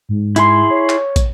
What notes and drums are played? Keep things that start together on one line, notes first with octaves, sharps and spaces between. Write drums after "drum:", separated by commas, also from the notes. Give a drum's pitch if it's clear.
G#2
E4 G#4 C6, drum: hi-hat
C#5
drum: clap
drum: kick, hi-hat